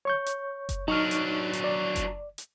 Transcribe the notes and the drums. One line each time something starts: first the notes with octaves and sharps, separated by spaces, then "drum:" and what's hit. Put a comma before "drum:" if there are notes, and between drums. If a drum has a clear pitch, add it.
C#5 C#6 G6
drum: hi-hat
drum: kick F#1, hi-hat
F#3 D4 D#4 C#6 F6
drum: hi-hat
drum: hi-hat
D5
drum: kick F#1, hi-hat
drum: hi-hat